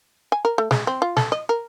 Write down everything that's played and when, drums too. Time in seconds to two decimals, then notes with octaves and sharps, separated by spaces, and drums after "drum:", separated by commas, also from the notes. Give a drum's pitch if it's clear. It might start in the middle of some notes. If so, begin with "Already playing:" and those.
0.32 G#5
0.45 A#4
0.58 A3
0.71 G#3, drum: snare
0.87 C4
1.02 F4
1.17 A4, drum: snare
1.32 D#5
1.49 A#4